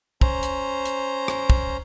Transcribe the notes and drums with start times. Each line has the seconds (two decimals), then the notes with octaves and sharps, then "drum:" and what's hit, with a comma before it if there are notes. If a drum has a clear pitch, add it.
0.21 C#4 C5 A#5, drum: kick
0.43 drum: hi-hat
0.86 drum: hi-hat
1.28 drum: rim click
1.50 drum: kick